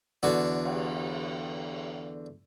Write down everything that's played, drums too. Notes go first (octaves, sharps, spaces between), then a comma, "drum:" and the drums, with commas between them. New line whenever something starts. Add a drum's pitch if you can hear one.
E2 D3 F#4
drum: cymbal